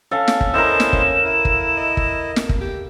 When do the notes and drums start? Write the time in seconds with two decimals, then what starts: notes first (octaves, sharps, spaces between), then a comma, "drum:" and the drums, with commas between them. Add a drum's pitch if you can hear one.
0.12 C#4 A4 F5
0.28 drum: snare
0.41 drum: kick
0.54 E4 A4 A#4 C5 D#5 E7
0.80 drum: snare
0.93 drum: kick
1.24 E4
1.45 drum: kick
1.77 D#5
1.97 drum: kick
2.36 drum: snare
2.49 drum: kick
2.61 G4